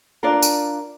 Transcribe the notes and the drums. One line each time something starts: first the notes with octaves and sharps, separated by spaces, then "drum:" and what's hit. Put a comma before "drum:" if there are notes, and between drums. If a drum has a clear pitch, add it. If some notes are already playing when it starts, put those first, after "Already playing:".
D4 F4 A#4 D5
drum: tambourine